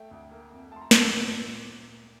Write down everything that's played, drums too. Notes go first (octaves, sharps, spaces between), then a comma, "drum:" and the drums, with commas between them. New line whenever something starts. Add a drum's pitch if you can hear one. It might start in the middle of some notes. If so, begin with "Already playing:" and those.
Already playing: A3 G5
D2
A#3
F2
A3 A5 C6
A#5
D2 D6, drum: snare
E6
A#2 E6
A#2